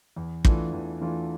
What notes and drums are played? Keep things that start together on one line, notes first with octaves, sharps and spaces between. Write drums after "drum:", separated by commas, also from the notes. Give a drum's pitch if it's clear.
E2
E3 A3 D4 F4, drum: kick
E2
E3 A3 D4 F4